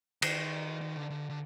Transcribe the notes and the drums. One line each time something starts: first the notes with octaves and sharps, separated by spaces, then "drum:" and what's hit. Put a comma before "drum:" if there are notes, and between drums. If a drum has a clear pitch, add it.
D#3, drum: cymbal
D#3
D3
D3
D3